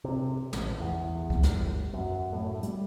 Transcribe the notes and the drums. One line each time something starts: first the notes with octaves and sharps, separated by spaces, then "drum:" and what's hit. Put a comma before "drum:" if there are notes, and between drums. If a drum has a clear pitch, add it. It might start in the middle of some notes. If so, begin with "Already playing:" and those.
C3
A1, drum: snare
E2
drum: kick C#2
G1, drum: snare
F#2
A2
G3, drum: hi-hat